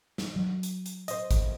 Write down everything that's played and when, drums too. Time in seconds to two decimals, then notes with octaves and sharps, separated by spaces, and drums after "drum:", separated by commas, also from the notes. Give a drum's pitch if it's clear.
0.18 drum: snare
0.36 F#3
0.63 drum: hi-hat
0.86 drum: hi-hat
1.08 C5 D#5, drum: hi-hat
1.31 drum: kick G#1, hi-hat